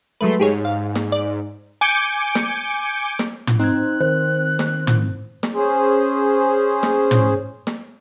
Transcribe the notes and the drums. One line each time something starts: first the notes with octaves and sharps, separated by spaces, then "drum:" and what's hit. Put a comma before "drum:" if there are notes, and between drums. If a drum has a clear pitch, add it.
F#3 G#3 A3 B4 C6
G#2 G4 G#4 C#5
F5
drum: snare
D5
G#5 D6 G6 C#7 D7
drum: snare
drum: snare
drum: tom
C4 D#4 F#6 G#6
D#3 C5
drum: snare
drum: tom
drum: snare
C#4 G#4 C5
drum: snare
drum: tom
drum: snare